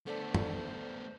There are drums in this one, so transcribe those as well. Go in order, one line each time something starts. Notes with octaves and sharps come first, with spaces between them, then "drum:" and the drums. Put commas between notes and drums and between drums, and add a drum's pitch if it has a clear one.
D3 A3 B3 A4 C5 D5 A5
drum: tom